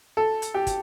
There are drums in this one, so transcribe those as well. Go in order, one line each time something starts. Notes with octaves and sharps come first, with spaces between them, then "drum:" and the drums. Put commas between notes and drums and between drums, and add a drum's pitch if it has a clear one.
A4
drum: hi-hat
G4
drum: kick, hi-hat